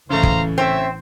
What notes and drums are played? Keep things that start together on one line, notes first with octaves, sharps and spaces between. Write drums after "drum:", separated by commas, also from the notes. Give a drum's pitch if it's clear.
A1 C#3 E3 A3 C5 F5 A#5
drum: kick
C4 C#5 E5